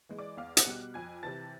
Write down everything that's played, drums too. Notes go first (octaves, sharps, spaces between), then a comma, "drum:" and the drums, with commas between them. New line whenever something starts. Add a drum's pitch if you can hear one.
E3 G#3
D5 D6
E2 F5 F6
F#5 F#6, drum: hi-hat
B2 G3
F2 G#5 G#6
C3 E3 A5 A6